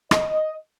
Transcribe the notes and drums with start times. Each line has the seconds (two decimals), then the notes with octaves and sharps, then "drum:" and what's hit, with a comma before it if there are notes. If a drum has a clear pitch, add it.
0.11 D#5, drum: rim click